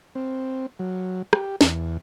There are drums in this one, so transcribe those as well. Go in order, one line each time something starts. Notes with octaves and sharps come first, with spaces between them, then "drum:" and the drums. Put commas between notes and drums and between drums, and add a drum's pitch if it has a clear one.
C4
F#3
G4, drum: rim click
E2, drum: snare